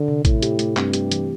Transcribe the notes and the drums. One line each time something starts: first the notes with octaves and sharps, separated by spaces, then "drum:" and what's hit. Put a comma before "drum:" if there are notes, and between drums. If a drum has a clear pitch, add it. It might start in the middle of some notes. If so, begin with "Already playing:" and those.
Already playing: D3
C3
A2 E4, drum: kick A1, hi-hat
G4, drum: hi-hat
A3, drum: hi-hat
G2 C4, drum: clap
G4, drum: hi-hat
E3, drum: hi-hat